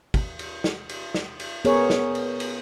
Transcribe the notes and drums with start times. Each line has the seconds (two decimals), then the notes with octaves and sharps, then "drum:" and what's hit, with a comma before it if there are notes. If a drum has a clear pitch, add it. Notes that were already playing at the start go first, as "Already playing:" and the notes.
0.14 drum: kick, cymbal
0.39 drum: cymbal
0.64 drum: snare
0.89 drum: cymbal
1.14 drum: snare
1.40 drum: cymbal
1.65 B3 G#4 A#4 C#5, drum: cymbal
1.90 drum: snare
2.15 drum: cymbal
2.40 drum: cymbal